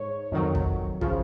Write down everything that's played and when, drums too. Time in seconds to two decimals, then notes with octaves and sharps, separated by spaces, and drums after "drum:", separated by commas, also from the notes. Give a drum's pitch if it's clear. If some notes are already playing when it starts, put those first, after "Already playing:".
Already playing: G#2 C#5
0.32 F2 D#3 F#3
0.55 drum: kick
1.01 C#3 F3, drum: kick